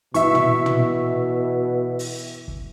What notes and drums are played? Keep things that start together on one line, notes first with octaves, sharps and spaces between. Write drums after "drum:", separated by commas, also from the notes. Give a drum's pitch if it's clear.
B2 E3 E5 C#6, drum: hi-hat
drum: tom
drum: tom
drum: open hi-hat
drum: kick